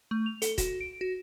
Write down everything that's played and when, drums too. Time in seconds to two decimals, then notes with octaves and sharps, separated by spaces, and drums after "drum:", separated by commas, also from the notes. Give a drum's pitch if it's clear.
0.11 A3
0.26 F7
0.42 A4, drum: hi-hat
0.58 F#4, drum: kick E1, hi-hat
0.81 D7
1.01 F#4